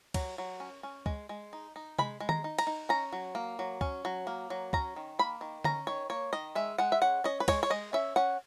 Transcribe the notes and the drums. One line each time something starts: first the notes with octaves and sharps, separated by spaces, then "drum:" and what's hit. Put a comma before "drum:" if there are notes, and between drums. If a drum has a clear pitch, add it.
F#3, drum: kick, cymbal
F#3
C#4
C#4
G#3, drum: kick
G#3
D#4
D#4
G#3 B5, drum: tom C3
G#3
A#5, drum: tom D#3
D#4
A#5, drum: cymbal
D#4
C#4 A#5
F#3
A#3
F#3
C#4, drum: kick
F#3
A#3
F#3
C#4 A#5, drum: kick
D#3
A#3 B5
D#3
C#4 A#5, drum: tom D3
D#3 C#5
A#3 C#5
D#3 D#5
G#3 E5
G#3 F#5
E5
C#4 F#5
C#4 D#5
B4
G#3 C#5, drum: kick, cymbal
C#5
G#3 D#5
C#4 E5
C#4 F#5